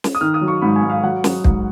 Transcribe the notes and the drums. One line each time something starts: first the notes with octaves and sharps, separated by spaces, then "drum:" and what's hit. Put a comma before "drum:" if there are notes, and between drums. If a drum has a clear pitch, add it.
drum: snare
D#6
D#3 F6
D#6
F#3
C#6
G#2 B5
G#5
G#2
F5
F#3 F#5
F#3, drum: snare
G#2, drum: kick